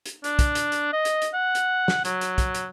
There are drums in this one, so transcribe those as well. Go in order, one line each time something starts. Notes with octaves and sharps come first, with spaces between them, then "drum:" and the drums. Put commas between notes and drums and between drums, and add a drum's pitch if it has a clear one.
drum: hi-hat
D4, drum: hi-hat
drum: kick, hi-hat
drum: hi-hat
drum: hi-hat
D#5
drum: hi-hat
drum: hi-hat
F#5
drum: hi-hat
drum: snare
F#3, drum: hi-hat
drum: hi-hat
drum: kick, hi-hat
drum: hi-hat